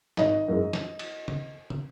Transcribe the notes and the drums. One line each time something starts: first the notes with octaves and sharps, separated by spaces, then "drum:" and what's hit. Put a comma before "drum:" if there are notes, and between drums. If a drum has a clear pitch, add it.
G#1 D#5, drum: snare
F#2 E3 G#3
drum: snare
drum: cymbal
drum: tom
drum: tom